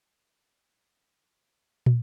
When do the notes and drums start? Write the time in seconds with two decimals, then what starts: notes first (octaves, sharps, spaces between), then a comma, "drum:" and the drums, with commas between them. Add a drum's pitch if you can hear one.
0.37 C6
0.59 D6
0.82 D6
1.04 E6
1.49 E6
1.62 E6
1.72 D6
1.86 drum: tom